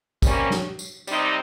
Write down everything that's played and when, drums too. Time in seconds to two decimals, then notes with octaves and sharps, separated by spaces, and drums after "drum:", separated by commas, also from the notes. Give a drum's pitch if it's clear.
0.22 C3 G3 A#3 C#4, drum: kick, tambourine
0.50 drum: snare
0.79 drum: tambourine
1.07 C3 G3 C4 D#4, drum: tambourine